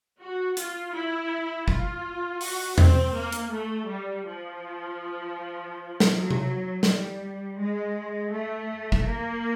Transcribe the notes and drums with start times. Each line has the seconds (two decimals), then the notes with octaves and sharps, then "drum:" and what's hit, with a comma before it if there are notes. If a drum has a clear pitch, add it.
0.20 F#4
0.57 F4, drum: hi-hat
0.93 E4
1.68 F4, drum: kick
2.41 F#4, drum: open hi-hat
2.78 C4, drum: tom E2
3.14 A#3
3.32 drum: hi-hat
3.52 A3
3.88 G3
4.25 F3
6.00 drum: snare
6.09 F#3
6.31 drum: tom C3
6.83 G3, drum: snare
7.56 G#3
8.30 A3
8.92 drum: kick
9.04 A#3